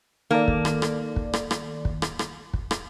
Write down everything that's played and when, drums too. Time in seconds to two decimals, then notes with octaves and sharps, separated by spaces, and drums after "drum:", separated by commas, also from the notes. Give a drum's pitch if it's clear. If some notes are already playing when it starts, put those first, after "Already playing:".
0.31 D#3 A#3 A4 D5
0.48 drum: kick
0.65 drum: rim click
0.82 drum: rim click
1.16 drum: kick
1.33 drum: rim click
1.51 drum: rim click
1.85 drum: kick
2.02 drum: rim click
2.19 drum: rim click
2.54 drum: kick
2.71 drum: rim click